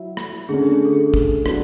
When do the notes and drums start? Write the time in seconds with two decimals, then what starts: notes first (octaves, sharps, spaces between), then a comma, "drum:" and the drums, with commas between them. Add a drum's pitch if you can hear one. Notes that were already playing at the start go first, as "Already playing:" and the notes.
Already playing: F#3 E4
0.17 drum: rim click
0.49 D3 A3 C#4 G#4
0.62 G#4
0.74 G#4
0.85 A4
0.93 G#4
0.97 A4
1.14 drum: kick
1.46 F#3 B3 D4, drum: rim click